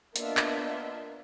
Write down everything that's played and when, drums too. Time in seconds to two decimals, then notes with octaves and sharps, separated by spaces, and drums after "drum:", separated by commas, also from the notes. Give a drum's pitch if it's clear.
0.16 A#3 B3 D4 F4 D#5 E5, drum: hi-hat
0.37 drum: clap